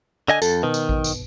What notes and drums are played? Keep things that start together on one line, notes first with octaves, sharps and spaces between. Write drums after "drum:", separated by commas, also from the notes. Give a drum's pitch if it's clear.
D3 D#5 G#5
F2 A4, drum: tambourine
B2 D#3
drum: tambourine
drum: kick A1
drum: tambourine